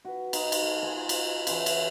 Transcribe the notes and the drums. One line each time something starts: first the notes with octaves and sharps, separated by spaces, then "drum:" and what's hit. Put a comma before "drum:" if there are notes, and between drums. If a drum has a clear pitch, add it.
F#4 B4
D#4, drum: cymbal
drum: cymbal
A4 F5
F4 D#5 G#5 A5
drum: cymbal
C#3 E3 C#5, drum: cymbal
drum: cymbal